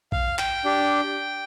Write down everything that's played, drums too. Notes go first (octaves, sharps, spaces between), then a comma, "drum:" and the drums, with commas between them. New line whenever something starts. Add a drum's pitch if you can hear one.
F5, drum: kick
G5, drum: clap
D4 G4